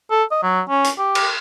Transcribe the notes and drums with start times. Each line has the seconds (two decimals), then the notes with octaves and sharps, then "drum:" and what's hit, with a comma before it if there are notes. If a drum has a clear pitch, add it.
0.11 A4
0.31 D#5
0.43 F#3
0.69 C#4
0.84 drum: hi-hat
0.99 G4
1.15 drum: cymbal